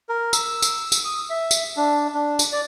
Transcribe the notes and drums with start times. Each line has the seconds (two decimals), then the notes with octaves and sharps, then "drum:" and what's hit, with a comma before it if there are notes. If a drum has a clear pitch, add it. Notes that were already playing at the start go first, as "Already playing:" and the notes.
0.09 A#4
0.33 E6, drum: tambourine
0.62 drum: tambourine
0.92 drum: tambourine
1.05 D#6
1.30 E5
1.51 drum: tambourine
1.76 D4
2.14 D4
2.39 drum: tambourine
2.52 D5